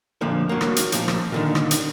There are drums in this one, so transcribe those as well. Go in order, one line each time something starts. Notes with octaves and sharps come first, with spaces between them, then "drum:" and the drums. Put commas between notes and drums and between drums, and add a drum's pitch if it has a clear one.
F2 A#2 D3 F3
F#3 A#3
drum: rim click
drum: hi-hat
A#2 F3, drum: hi-hat
drum: rim click
A#2 D3 D#3
drum: rim click
drum: hi-hat